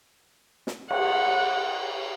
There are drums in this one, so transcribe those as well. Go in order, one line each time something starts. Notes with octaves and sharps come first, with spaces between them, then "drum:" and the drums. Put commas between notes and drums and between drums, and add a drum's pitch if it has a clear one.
drum: snare
F#5, drum: cymbal